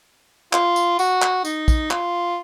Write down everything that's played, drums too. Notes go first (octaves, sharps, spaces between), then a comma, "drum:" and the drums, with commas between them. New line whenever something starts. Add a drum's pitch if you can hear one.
F4, drum: clap
drum: tambourine
F#4, drum: tambourine
drum: clap
D#4, drum: tambourine
drum: kick, tambourine
F4, drum: clap